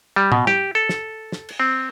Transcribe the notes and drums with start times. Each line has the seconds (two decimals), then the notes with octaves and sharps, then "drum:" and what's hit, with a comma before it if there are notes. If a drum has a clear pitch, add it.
0.16 G3
0.32 B2, drum: tom
0.47 G4, drum: tom
0.75 A4
0.89 drum: snare
1.32 drum: snare
1.49 drum: cymbal
1.60 C4